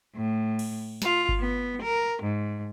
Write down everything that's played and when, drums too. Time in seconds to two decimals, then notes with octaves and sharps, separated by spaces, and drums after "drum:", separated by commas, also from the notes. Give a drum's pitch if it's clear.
0.15 A2
0.59 drum: cymbal
1.02 F4, drum: snare
1.29 drum: kick G1
1.40 B3
1.83 A#4
2.23 G#2